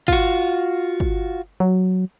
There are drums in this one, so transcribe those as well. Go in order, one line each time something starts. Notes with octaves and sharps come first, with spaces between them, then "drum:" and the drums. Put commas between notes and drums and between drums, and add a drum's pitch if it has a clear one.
F4 F#4, drum: kick
drum: kick
F#3